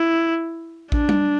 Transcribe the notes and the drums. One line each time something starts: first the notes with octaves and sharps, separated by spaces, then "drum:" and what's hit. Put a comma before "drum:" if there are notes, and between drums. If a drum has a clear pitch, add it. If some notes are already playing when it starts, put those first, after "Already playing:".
Already playing: E4
D4, drum: kick A1
drum: tom G3